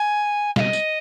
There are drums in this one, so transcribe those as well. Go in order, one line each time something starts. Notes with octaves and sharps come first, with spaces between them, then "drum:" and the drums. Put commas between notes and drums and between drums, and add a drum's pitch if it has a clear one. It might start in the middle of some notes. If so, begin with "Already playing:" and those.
Already playing: G#5
F5, drum: snare
D#5
drum: tambourine